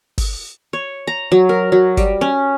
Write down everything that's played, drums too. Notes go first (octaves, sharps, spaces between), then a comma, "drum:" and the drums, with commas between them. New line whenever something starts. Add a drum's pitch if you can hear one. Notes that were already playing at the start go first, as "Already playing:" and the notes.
drum: kick G1, open hi-hat
C#5
A#5
F#3
A#4
F#3
G3, drum: kick G1, hi-hat
C#4